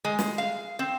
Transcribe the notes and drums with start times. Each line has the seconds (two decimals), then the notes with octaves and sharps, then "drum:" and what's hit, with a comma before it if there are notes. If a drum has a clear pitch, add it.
0.05 G#3
0.19 drum: snare
0.38 F5
0.79 C4